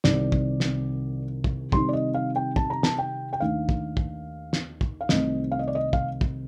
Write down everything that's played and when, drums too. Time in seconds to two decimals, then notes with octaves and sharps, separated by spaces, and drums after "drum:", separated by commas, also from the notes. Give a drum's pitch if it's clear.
0.04 C2 C3 D#3 D5, drum: snare
0.32 drum: kick
0.60 drum: snare
1.44 drum: kick
1.72 C3 D#3 G3 C4 D#4 C6, drum: kick
1.89 D5
1.93 D#5
2.14 F5
2.36 G5
2.56 A5, drum: kick
2.70 A#5
2.83 A5, drum: snare
2.98 G5
3.33 G5
3.40 D#2 D#3 A3 D4 F5
3.69 drum: kick
3.97 drum: kick
4.53 drum: snare
4.81 drum: kick
5.01 F5
5.09 C2 C3 D#3 A3 C4 D#5, drum: snare
5.52 F5
5.59 D#5
5.68 D5
5.75 D#5
5.93 F5, drum: kick
6.21 drum: kick